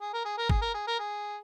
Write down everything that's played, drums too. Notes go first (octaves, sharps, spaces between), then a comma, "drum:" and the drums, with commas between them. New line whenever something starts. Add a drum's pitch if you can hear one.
G#4
A#4
G#4
A#4
G#4, drum: kick G#1
A#4
G#4
A#4
G#4